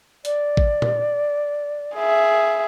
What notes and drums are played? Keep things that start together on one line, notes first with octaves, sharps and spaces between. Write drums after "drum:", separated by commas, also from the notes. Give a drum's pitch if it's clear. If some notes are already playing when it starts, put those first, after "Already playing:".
D5, drum: hi-hat
drum: kick A1
drum: tom A#2
G#4 E5